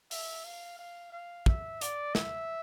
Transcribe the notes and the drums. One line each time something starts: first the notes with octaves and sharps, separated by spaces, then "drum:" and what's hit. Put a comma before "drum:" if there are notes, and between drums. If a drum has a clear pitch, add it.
E5, drum: open hi-hat
F5
F5
F5
E5, drum: kick
D5, drum: hi-hat
E5, drum: snare